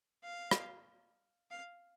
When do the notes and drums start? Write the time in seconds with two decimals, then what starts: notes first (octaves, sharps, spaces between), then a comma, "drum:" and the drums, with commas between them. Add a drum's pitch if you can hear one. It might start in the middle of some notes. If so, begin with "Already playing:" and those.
0.23 F5
0.51 drum: rim click
1.51 F5